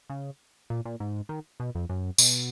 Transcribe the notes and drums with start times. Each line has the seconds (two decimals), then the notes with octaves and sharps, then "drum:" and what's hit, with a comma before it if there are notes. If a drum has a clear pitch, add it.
0.10 C#3
0.70 A#2
0.85 A#2
1.00 G#2
1.29 D#3
1.60 B2
1.75 F2
1.90 F#2
2.18 B2, drum: tambourine